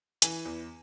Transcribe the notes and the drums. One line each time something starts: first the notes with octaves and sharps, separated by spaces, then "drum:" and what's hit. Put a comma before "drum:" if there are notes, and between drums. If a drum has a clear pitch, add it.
E3 G#5, drum: hi-hat
E2